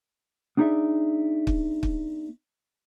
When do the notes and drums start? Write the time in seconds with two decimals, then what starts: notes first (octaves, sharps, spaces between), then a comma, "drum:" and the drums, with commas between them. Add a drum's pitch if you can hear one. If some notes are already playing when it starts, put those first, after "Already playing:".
0.57 B3 D4 D#4 G#4 D5 E5
1.47 drum: kick
1.83 drum: kick